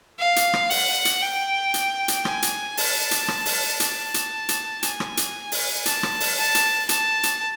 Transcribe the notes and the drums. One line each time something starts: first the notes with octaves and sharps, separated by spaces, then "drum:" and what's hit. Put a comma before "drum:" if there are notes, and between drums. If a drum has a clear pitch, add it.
F5
drum: hi-hat
drum: rim click
F#5, drum: open hi-hat
drum: hi-hat
G5
drum: hi-hat
drum: hi-hat
G#5, drum: rim click
drum: hi-hat
A5, drum: open hi-hat
drum: hi-hat
drum: rim click
drum: open hi-hat
A5, drum: hi-hat
drum: hi-hat
drum: hi-hat
G#5, drum: hi-hat
drum: rim click
drum: hi-hat
drum: open hi-hat
A5, drum: hi-hat
drum: rim click
drum: open hi-hat
A5
drum: hi-hat
A5, drum: hi-hat
drum: hi-hat